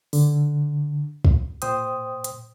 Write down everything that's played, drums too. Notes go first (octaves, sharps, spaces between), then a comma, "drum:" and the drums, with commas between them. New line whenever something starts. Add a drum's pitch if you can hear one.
D3, drum: open hi-hat
drum: kick
A#2 C5 G5 D#6, drum: hi-hat
drum: hi-hat